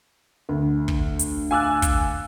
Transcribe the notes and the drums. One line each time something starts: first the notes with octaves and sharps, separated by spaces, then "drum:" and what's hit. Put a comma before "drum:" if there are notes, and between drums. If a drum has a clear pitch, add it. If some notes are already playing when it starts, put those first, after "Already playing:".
D2
drum: kick
drum: hi-hat
F5 G#5 D6 E6 F#6 A6
drum: kick, hi-hat